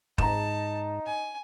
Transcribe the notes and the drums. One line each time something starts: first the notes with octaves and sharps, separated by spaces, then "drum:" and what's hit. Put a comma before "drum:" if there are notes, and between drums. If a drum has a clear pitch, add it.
G#2 D#4 A5 A#5 E7, drum: kick
G#5